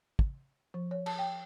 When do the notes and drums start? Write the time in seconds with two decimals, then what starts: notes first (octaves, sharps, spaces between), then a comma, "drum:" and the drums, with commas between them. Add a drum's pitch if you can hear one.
0.19 drum: kick
0.74 F3
0.91 C#5
1.06 A5, drum: cymbal
1.19 G5